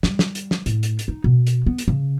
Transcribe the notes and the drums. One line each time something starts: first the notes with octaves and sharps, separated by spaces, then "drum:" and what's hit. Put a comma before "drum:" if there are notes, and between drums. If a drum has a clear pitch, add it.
G3, drum: snare
drum: snare
drum: hi-hat
drum: snare
A2, drum: hi-hat
drum: hi-hat
drum: hi-hat
D#4
B2
drum: hi-hat
B3
drum: hi-hat
C#3